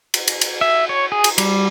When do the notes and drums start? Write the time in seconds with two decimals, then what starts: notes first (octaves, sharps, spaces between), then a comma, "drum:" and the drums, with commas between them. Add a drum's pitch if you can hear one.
0.14 drum: cymbal
0.28 drum: cymbal
0.41 drum: cymbal
0.61 E5
0.89 C#5
1.12 G#4
1.24 drum: cymbal
1.38 G3, drum: cymbal